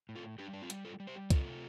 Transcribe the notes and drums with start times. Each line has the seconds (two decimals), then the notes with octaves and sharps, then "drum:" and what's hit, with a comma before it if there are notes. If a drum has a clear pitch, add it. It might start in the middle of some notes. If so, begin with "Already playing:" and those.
0.09 A2
0.16 F4 A4
0.38 G3 D4 G4
0.53 D4
0.62 C4 F4
0.70 G3, drum: hi-hat
0.85 F4 A4
1.00 G3
1.07 G4 C5
1.30 C3 F4 A4, drum: kick, hi-hat